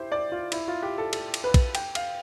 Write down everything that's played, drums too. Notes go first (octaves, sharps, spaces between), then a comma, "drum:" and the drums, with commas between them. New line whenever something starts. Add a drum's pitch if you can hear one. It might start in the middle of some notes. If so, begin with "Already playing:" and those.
Already playing: E4 G4 C5
D5
F4
E4, drum: cymbal
F4
G4
A4
A4, drum: cymbal
drum: cymbal
B4
drum: kick, cymbal
G5, drum: cymbal
F5, drum: cymbal